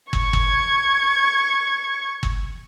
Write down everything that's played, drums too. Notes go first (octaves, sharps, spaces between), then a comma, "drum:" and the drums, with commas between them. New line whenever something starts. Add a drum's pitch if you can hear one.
C#6 G#6, drum: kick
drum: kick
drum: kick